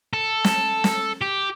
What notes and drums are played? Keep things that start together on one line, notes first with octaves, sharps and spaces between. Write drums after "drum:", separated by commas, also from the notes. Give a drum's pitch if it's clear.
A4
drum: snare
drum: snare
G4